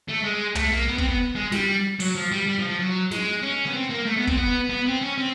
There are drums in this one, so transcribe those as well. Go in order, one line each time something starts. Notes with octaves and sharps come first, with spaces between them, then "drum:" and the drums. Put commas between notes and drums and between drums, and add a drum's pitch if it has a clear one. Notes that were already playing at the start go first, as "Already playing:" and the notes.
A3
G#3
A3, drum: tom
A#3
B3
C4, drum: kick
B3
G#3
G3, drum: snare
F#3, drum: open hi-hat
F3
G3
G3
F3
F3
F#3
G#3, drum: snare
C#4
B3
C4
A#3
A3
B3
C4, drum: kick
B3
B3
C4
C#4
C4